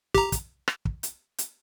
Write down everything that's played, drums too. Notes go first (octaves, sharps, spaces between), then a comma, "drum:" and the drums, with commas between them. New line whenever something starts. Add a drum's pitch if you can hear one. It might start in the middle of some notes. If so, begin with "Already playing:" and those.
G4 A#5, drum: kick
drum: kick, hi-hat
drum: rim click
drum: kick
drum: hi-hat
drum: hi-hat